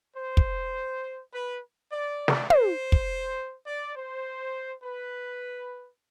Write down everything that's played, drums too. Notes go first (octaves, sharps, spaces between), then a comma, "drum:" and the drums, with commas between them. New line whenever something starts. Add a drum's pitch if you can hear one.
C5
drum: kick
B4
D5
drum: snare
C5, drum: tom
drum: kick
D5
C5
B4